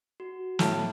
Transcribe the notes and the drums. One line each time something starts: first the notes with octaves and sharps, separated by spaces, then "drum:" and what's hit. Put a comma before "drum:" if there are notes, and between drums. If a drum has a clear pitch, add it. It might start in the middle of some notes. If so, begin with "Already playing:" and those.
F#4
A2 B3 A5 D7, drum: snare